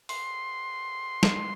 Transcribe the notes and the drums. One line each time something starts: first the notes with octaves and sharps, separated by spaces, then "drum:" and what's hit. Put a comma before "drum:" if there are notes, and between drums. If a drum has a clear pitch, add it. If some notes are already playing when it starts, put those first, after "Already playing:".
C6, drum: open hi-hat
drum: snare